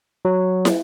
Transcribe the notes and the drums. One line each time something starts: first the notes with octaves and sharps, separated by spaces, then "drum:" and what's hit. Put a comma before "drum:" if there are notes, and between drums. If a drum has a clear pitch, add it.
F#3
drum: snare